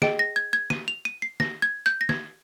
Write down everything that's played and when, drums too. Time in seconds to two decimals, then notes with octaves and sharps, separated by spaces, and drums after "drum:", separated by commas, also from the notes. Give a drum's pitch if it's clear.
0.02 G#4 D#5 G5 D7, drum: snare
0.19 A#6
0.36 G#6
0.53 G#6
0.70 D#7, drum: snare
0.88 F7
1.05 D#7
1.22 C7
1.40 A#6, drum: snare
1.62 G#6
1.86 G6, drum: hi-hat
2.01 A#6
2.09 G#6, drum: snare